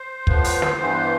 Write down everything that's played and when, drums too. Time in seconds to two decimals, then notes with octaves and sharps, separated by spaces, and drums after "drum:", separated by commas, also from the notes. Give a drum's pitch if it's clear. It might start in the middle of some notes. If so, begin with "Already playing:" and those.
Already playing: C5
0.27 A2 F3 B3, drum: kick
0.44 drum: open hi-hat
0.62 drum: snare
0.80 G2 E3 B3